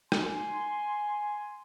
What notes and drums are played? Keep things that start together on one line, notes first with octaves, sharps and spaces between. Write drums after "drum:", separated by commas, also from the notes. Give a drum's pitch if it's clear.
G#5 C6, drum: rim click